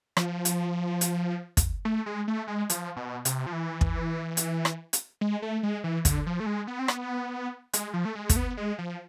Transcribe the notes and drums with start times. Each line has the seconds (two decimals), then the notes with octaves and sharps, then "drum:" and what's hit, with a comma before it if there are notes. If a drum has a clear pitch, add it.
0.17 F3, drum: rim click
0.45 drum: hi-hat
1.01 drum: hi-hat
1.57 drum: kick, hi-hat
1.85 A3
2.06 G#3
2.28 A3
2.47 G#3
2.70 F3, drum: hi-hat
2.96 B2
3.25 C3, drum: hi-hat
3.46 F3
3.53 E3
3.81 drum: kick
4.37 drum: hi-hat
4.65 drum: rim click
4.93 drum: hi-hat
5.21 G#3
5.42 A3
5.63 G#3
5.84 E3
6.05 D3, drum: kick, hi-hat
6.26 F3
6.40 A3
6.46 G#3
6.67 B3
6.79 C4
6.88 B3, drum: rim click
7.73 G#3, drum: hi-hat
7.93 F3
8.05 A3
8.15 G#3
8.29 A3, drum: kick, hi-hat
8.36 B3
8.57 G#3
8.78 F3